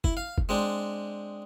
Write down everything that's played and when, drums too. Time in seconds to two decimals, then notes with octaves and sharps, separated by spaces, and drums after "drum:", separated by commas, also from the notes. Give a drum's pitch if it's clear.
0.04 E4, drum: kick
0.17 F5
0.38 drum: kick
0.49 G#3 C4 D4